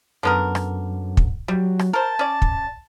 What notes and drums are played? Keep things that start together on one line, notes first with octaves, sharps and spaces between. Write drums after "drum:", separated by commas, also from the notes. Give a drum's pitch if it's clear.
F#2 D3 B3 A#4
drum: rim click
drum: kick
F#3 G3
drum: rim click
A#4 C5 A5
C#4 D5
drum: kick